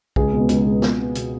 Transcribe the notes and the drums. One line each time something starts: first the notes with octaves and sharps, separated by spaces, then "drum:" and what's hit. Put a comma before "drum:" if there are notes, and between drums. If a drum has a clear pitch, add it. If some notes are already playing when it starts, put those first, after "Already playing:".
C#2 G#4, drum: kick B1
B2 G#3 B3
C#2, drum: hi-hat
B2 G#3 B3
B2, drum: snare
B3
B2, drum: hi-hat